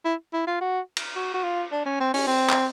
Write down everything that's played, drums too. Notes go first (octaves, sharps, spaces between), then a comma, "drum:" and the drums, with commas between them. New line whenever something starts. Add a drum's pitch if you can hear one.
E4
E4
F4
F#4
drum: cymbal
F#4
F#4
F4
D4
C#4
C4
C#4, drum: open hi-hat
C4
drum: clap